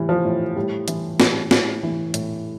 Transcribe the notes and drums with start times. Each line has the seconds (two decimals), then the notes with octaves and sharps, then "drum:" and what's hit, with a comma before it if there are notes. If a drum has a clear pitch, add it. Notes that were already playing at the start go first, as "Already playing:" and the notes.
Already playing: A2 E3 G3
0.09 F3
0.25 A2
0.56 A2 G3
0.88 E3, drum: hi-hat
1.20 A2, drum: snare
1.51 A2, drum: snare
1.83 E3
2.14 A2, drum: hi-hat